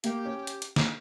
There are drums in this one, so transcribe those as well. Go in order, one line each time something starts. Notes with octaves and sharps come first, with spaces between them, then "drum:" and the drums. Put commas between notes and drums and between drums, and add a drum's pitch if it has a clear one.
A#3 G4, drum: hi-hat
C#4
drum: hi-hat
drum: hi-hat
drum: snare